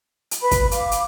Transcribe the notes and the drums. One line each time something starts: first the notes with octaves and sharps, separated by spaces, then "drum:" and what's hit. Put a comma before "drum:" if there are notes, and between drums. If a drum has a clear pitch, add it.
drum: hi-hat
B4 B5
drum: kick, hi-hat
F5 D6, drum: hi-hat
drum: hi-hat